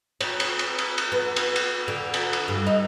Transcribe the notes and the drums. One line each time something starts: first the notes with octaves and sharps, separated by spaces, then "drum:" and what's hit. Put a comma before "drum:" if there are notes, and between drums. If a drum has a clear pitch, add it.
C#5, drum: cymbal
drum: cymbal
drum: cymbal
drum: cymbal
drum: cymbal
B3
drum: cymbal
drum: cymbal
D3
drum: cymbal
drum: cymbal
G2
D#4